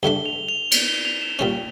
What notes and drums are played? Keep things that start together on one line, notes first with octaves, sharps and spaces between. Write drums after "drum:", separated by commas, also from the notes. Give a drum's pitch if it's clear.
G2 D3 A3 D4 G7
F7
F7
G7, drum: cymbal
G7
F7
E7
A#2 G3 C#4 G7